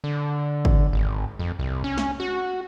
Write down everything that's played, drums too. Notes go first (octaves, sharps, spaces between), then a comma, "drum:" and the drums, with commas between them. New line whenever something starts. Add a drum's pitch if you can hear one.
D3
drum: kick
G#1
F2
C2
C#4
drum: snare
F#4